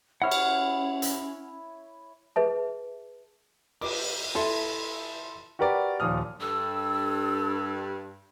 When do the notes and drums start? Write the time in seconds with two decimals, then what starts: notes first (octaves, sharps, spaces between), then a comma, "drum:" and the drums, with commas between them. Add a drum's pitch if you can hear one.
0.22 C#4 E4 C#5 E5 F#5 F6
0.31 drum: cymbal
1.02 drum: hi-hat
2.36 G#4 B4 E5 A5
3.81 D6, drum: cymbal
4.35 E4 A4 E5 C6, drum: snare
5.59 F#4 G4 A#4 B4 D5
6.00 D#2 A#2 F3 D#6 F6
6.41 G2 A4 E6